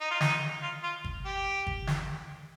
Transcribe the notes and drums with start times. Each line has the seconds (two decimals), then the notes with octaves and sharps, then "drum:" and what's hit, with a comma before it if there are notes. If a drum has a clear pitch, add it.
0.01 D#4
0.11 F4
0.21 D#4, drum: snare
0.63 F4
0.84 F4
1.04 drum: kick G1
1.25 G4
1.67 drum: kick G1
1.87 drum: snare